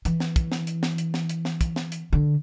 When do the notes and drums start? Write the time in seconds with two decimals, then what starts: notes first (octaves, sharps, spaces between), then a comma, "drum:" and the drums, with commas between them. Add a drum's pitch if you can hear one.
0.05 E3, drum: hi-hat
0.20 drum: snare
0.36 drum: kick, hi-hat
0.52 drum: snare
0.67 drum: hi-hat
0.83 drum: snare
0.98 drum: hi-hat
1.14 drum: snare
1.30 drum: hi-hat
1.45 drum: snare
1.61 drum: kick, hi-hat
1.76 drum: snare
1.92 drum: hi-hat
2.13 D3